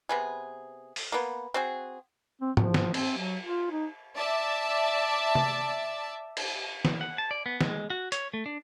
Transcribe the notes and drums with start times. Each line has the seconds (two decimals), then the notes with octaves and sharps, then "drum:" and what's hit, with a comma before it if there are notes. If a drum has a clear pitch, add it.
0.09 C3 B3 G#4
0.96 drum: open hi-hat
1.12 A#3 B3
1.54 C4 F#4 G#4
2.41 C4
2.57 F3, drum: tom
2.74 drum: snare
2.94 C4, drum: cymbal
3.18 F#3
3.43 F4
3.71 D#4
4.16 D5 E5 A5
5.35 drum: tom
6.37 drum: cymbal
6.85 drum: snare
7.01 F#5
7.18 A5
7.31 D5
7.46 B3
7.61 G#3, drum: snare
7.90 F#4
8.12 C#5, drum: hi-hat
8.34 A3
8.46 D4